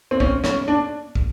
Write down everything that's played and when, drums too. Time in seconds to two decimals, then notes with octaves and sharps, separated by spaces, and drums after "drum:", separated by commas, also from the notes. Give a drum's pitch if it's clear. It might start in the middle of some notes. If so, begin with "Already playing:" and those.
0.11 C4
0.20 C#4, drum: kick
0.44 C#4, drum: snare
0.68 D4
1.15 drum: kick